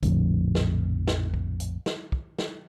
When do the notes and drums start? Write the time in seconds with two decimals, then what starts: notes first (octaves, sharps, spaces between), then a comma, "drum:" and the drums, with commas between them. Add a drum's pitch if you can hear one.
0.03 A#1 F2 A2 D3, drum: kick, hi-hat
0.55 drum: snare
1.07 drum: snare
1.34 drum: kick
1.60 drum: hi-hat
1.86 drum: snare
2.12 drum: kick
2.39 drum: snare